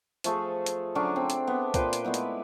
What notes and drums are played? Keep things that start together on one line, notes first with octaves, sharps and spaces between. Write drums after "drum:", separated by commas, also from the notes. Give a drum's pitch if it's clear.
F3 A3 G#4 A4, drum: hi-hat
drum: hi-hat
D3 F#3 C#4 D4
C4
drum: hi-hat
B3
A#2 B4 C5 G5, drum: kick C2, hi-hat
drum: hi-hat
G#3 A3 B3 E4
drum: hi-hat